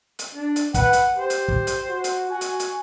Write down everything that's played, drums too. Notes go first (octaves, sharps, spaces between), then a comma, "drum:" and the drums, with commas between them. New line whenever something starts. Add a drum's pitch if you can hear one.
drum: hi-hat
D4
drum: hi-hat
B4 F#5, drum: kick, hi-hat
drum: hi-hat
G4 C5
drum: hi-hat
drum: kick
drum: hi-hat
F#4
drum: hi-hat
F#4 G#5
drum: hi-hat
drum: hi-hat